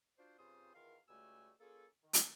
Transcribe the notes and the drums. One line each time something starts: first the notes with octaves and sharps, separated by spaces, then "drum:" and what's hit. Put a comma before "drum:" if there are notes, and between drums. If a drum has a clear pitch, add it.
D4 F4 F#4 C5
G2 C#3 C4 F4 C5 D#6
E2 D#3 F4 A#4 F5
C#2 G3 A3 F#4 G#5 E6
A#3 C#4 F4 G#4 A4
D#3
drum: hi-hat